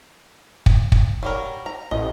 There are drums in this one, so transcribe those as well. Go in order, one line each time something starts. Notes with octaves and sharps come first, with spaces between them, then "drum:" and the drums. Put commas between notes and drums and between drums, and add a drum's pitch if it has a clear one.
drum: kick
drum: kick
F#3 G3 A#4
A#5
A1 D#5